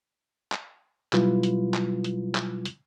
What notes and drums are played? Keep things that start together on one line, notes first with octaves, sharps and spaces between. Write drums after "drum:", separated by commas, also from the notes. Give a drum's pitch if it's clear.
drum: clap
B2 F#3 G3 E4 F4 B4, drum: clap
drum: hi-hat
drum: clap
drum: hi-hat
drum: clap
drum: hi-hat